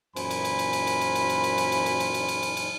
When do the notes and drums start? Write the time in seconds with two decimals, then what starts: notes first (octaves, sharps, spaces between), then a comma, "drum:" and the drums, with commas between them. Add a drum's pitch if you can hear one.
0.16 F#2 A#2 E3 C5 G#5 B5, drum: cymbal
0.31 drum: cymbal
0.45 drum: cymbal
0.59 drum: cymbal
0.73 drum: cymbal
0.87 drum: cymbal
1.01 drum: cymbal
1.15 drum: cymbal
1.30 drum: cymbal
1.44 drum: cymbal
1.58 drum: cymbal
1.72 drum: cymbal
1.86 drum: cymbal
2.00 drum: cymbal
2.14 drum: cymbal
2.28 drum: cymbal
2.43 drum: cymbal
2.57 drum: cymbal